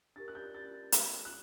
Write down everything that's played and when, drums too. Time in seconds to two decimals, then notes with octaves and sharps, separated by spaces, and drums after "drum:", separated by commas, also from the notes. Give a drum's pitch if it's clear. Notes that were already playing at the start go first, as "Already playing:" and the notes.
0.16 D4 G4 A#4 A6
0.28 F#6
0.35 G6
0.55 A6
0.92 drum: hi-hat
1.25 F#6